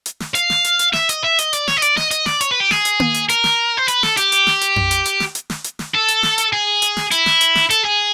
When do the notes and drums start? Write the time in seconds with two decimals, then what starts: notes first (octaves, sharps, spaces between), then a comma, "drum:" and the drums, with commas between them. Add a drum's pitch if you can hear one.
0.06 drum: hi-hat
0.20 drum: snare
0.35 F5, drum: hi-hat
0.50 drum: snare
0.64 drum: hi-hat
0.79 drum: hi-hat
0.93 E5, drum: snare
1.09 D#5, drum: hi-hat
1.24 E5
1.39 D#5, drum: hi-hat
1.53 D5, drum: hi-hat
1.68 C#5, drum: snare
1.77 D#5
1.82 D5, drum: hi-hat
1.97 D#5, drum: snare
2.11 D#5, drum: hi-hat
2.26 D5, drum: snare
2.41 C#5, drum: hi-hat
2.51 B4
2.60 G4
2.71 G#4, drum: snare
2.85 drum: hi-hat
3.00 drum: tom A#3
3.14 drum: hi-hat
3.29 A#4, drum: hi-hat
3.44 drum: snare
3.77 C5
3.88 B4, drum: hi-hat
4.03 A4, drum: snare
4.17 G4, drum: hi-hat
4.32 drum: hi-hat
4.47 drum: snare
4.61 drum: hi-hat
4.76 drum: tom F2
4.91 drum: hi-hat
5.05 drum: hi-hat
5.20 drum: snare
5.35 drum: hi-hat
5.50 drum: snare
5.64 drum: hi-hat
5.79 drum: snare
5.94 A4
6.08 drum: hi-hat
6.23 drum: snare
6.38 drum: hi-hat
6.53 G#4
6.82 drum: hi-hat
6.97 drum: snare
7.11 E4, drum: hi-hat
7.26 drum: snare
7.41 drum: hi-hat
7.55 drum: snare
7.70 A4, drum: hi-hat
7.85 G#4